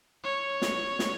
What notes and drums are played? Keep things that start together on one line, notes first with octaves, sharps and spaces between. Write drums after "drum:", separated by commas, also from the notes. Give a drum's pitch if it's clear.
C#5
drum: snare
drum: snare